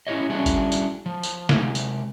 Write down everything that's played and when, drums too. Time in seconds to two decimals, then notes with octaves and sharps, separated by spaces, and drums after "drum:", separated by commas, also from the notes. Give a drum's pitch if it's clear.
0.07 C#4 E4 F4 G4 C#5 D#5
0.30 G3 C#4 D4 E4 F#4 G#4
0.46 drum: kick, tambourine
0.72 drum: tambourine
1.06 F3
1.23 drum: tambourine
1.49 C3 G#3 G4, drum: snare
1.75 drum: tambourine